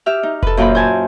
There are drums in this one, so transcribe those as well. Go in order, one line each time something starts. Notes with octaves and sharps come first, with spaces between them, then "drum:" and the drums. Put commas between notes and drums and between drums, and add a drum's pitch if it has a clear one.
G4 E5 F6
D#4
A4 B4, drum: kick F1
F#2 A#2 F4 B4 C5 B5
C5 G#5 A5